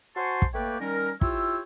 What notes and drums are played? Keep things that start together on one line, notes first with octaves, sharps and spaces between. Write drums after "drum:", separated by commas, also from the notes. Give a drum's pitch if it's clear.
F#4 C5 G#5 A5 C6 C#6
drum: kick
A3 A#3 B4 C#5 D5 G5
D#3 G3 C#4 A#4
E4 F4 G4 C#5 G5 E6, drum: kick